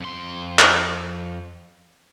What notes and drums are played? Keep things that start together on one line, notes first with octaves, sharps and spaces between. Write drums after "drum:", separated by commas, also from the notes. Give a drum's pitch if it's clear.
F2 C6
drum: clap